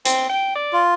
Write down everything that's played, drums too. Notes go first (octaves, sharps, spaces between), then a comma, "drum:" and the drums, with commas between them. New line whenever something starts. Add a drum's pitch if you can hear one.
C4, drum: hi-hat
G5
D5
F4